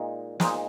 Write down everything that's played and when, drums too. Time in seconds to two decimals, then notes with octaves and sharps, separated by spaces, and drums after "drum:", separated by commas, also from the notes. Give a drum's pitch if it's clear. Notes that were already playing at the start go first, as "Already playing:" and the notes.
Already playing: A#2 G#3 D#4
0.40 A#2 G#3 D#4 C5, drum: snare